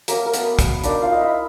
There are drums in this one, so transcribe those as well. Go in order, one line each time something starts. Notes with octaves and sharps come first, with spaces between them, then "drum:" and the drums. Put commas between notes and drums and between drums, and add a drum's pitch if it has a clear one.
F#3 A3 A#3 C#4 A#4, drum: hi-hat
A#4
B3 B4, drum: hi-hat
drum: kick, hi-hat
A#3 D4 D#4 D5, drum: hi-hat
F4 F5
D#5
E4 E5